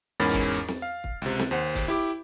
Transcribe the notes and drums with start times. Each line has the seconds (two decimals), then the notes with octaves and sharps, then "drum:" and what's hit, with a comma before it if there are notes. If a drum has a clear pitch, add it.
0.20 E2 G#2 C#4 A#4 B5 A6
0.33 drum: kick, open hi-hat
0.51 drum: hi-hat
0.68 drum: snare
0.82 F5
1.04 drum: kick
1.22 C#2 C3, drum: hi-hat
1.39 drum: snare
1.51 D#2 C5 F#5
1.75 drum: kick, open hi-hat
1.88 E4 G4 D6